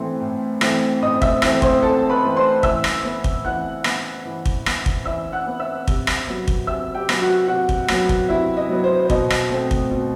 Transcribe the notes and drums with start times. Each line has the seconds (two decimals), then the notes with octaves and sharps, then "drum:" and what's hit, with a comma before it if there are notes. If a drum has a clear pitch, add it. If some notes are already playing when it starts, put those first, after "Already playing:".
Already playing: A2 E3 A3 C4 C6
0.21 A2
0.61 E3 A3 C4, drum: rim click
1.02 A2 D#5 D#6
1.22 E5 E6, drum: kick
1.42 E3 A3 C4 E5 E6, drum: rim click
1.62 C5 C6, drum: kick
1.82 A2 A4 A5
2.10 B4 B5
2.23 E3 A3 C4
2.37 C5 C6
2.63 E3 E5 E6, drum: kick
2.84 drum: rim click
3.05 B3
3.24 drum: kick
3.45 E3 F#5 F#6
3.84 B3, drum: rim click
4.25 E3
4.45 drum: kick
4.66 B3, drum: rim click
4.86 drum: kick
5.05 E3 E5 E6
5.32 F#5 F#6
5.47 B3
5.60 E5 E6
5.88 C3, drum: kick
6.07 drum: rim click
6.27 F#3 B3
6.48 drum: kick
6.67 C3 E5 E6
6.95 G4 G5
7.09 F#3 B3, drum: rim click
7.22 F#4 F#5
7.48 C3 F#4 F#5
7.69 drum: kick
7.88 F#3 B3, drum: rim click
8.09 drum: kick
8.29 C3 E4 E5
8.57 D#5
8.69 F#3 B3
8.84 C5
9.05 C5
9.10 B2 D#5, drum: kick
9.30 drum: rim click
9.50 A3 C4
9.71 drum: kick
9.91 B2